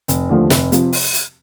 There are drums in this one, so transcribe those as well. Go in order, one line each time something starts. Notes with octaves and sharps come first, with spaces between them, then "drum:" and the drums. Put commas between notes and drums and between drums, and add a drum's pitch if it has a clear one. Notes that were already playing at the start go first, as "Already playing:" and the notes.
F1, drum: hi-hat
D#2 D3 F3 A3
F1, drum: snare
C3 F3, drum: hi-hat
drum: open hi-hat
drum: hi-hat